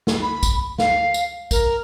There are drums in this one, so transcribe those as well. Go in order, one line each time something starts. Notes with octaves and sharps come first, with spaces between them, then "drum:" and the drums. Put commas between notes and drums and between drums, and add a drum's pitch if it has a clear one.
drum: snare
B5
drum: kick, tambourine
F5, drum: snare
drum: tambourine
A#4, drum: kick, tambourine